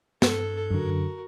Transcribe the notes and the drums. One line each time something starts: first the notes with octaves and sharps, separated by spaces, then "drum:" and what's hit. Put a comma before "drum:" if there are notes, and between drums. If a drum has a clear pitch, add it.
G2 A4, drum: snare
F#2 D3 F#4 A#4